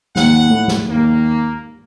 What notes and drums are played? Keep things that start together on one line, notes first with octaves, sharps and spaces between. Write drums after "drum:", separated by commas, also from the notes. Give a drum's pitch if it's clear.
D#2 F#5, drum: snare
A2
drum: snare
D#2 A#3